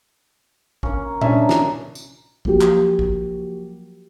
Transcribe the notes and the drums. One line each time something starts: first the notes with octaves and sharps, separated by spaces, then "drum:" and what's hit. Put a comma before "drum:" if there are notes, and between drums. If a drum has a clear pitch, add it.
A#3 C#4, drum: kick
C#4 D4 A#4 D#5 E5 A#5, drum: tom A#2
drum: snare
drum: tambourine
F3 F#3 A#3 F#4 G4, drum: kick
drum: clap
drum: kick